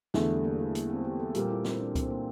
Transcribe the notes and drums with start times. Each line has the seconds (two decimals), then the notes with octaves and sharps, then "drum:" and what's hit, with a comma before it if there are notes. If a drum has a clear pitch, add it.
0.14 E2 D3 A3, drum: snare
0.29 G3
0.44 A#3
0.59 A3
0.75 A#3, drum: hi-hat
0.90 C4
1.04 G4
1.20 A4
1.35 A#2 G3 A#3 G4, drum: hi-hat
1.50 E4
1.64 C4, drum: snare
1.80 D4
1.95 C4, drum: kick C2, hi-hat
2.10 A#3